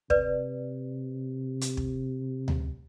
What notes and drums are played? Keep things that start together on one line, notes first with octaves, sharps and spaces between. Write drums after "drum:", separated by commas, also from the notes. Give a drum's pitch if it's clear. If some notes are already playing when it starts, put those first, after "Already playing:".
C3 B4 D5, drum: kick
drum: hi-hat
drum: kick
drum: tom D2